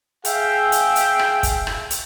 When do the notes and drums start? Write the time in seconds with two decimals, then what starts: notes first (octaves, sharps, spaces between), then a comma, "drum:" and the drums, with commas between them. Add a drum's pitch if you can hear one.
0.25 G#4 E5 F5 G5, drum: hi-hat
0.72 drum: hi-hat
0.96 drum: hi-hat
1.19 drum: rim click
1.43 drum: kick, hi-hat
1.67 drum: rim click
1.90 drum: hi-hat